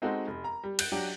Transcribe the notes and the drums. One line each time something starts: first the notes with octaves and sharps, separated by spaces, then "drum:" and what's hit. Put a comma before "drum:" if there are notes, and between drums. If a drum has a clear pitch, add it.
G#3 C4 D#4 F#4 A4
F1
A#5
G3
F#6 G6 D7, drum: cymbal
F#3 D4 G4